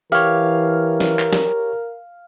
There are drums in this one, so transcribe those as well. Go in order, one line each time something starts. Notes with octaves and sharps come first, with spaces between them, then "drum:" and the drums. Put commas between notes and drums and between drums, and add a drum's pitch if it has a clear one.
E3 G4 A#4 C#5 F5
drum: snare
drum: clap
drum: snare